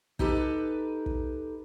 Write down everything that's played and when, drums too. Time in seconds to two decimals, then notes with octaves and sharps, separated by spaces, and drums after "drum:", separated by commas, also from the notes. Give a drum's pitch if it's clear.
0.19 D#4 G4 A4 B4, drum: kick
1.06 drum: kick